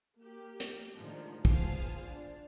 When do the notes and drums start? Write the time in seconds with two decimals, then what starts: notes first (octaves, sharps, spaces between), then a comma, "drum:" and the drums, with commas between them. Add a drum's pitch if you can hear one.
0.20 A#3 G4
0.60 drum: hi-hat
0.95 A2 D3 D#3 F3 G#3
1.45 B3 F4 G#4 C5 F5 A5, drum: kick
2.05 D4